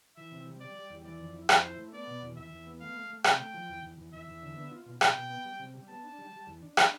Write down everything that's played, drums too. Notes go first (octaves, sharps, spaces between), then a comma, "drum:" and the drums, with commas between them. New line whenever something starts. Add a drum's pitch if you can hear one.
E3 E5
C3
G3
G3 D5
G3
E2
E3 D5
F2
E4
F2 C5, drum: rim click
E4
A3
B3 D5
B2
E2
E2 E5
E2
B3
A3 F5
A3
A3
C3 G5, drum: rim click
A3
F3
E2
E2
E2
E2 E5
E2
D3
B3
F4
B2
B2 G5, drum: rim click
B2
B3
G3
C3
G3
B3 A5
D4
G3
G3
E2
D4
D4, drum: rim click